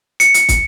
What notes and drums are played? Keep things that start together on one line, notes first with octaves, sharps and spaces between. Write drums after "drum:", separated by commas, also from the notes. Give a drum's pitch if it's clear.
C#7, drum: hi-hat
drum: hi-hat
drum: kick, hi-hat